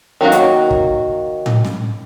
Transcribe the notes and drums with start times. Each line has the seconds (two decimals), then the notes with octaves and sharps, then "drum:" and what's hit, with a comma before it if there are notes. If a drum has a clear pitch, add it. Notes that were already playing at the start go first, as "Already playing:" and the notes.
0.21 D#3 F#3 A#3 F#4
0.32 drum: hi-hat
0.71 drum: kick
1.46 drum: tom A2
1.65 drum: snare